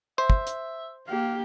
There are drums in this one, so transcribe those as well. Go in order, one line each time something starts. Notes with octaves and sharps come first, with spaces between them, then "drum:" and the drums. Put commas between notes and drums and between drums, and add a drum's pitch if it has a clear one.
C5 E5
drum: kick
drum: hi-hat
A#3 G4 F5